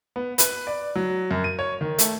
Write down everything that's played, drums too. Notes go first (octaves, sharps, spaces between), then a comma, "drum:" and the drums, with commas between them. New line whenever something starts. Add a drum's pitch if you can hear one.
B3
B4, drum: hi-hat
D5
F#3
F#2
D#7
C#5
D#3
A3, drum: hi-hat